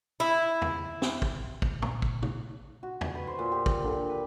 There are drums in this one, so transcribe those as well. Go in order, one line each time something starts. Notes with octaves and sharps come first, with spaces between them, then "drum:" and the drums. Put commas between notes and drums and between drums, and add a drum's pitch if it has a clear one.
E4
drum: tom
drum: snare
drum: kick
drum: kick
drum: tom
drum: kick
drum: tom
F#4
D5, drum: tom
B4
C5
A#2
G4
D6, drum: kick
D3
B4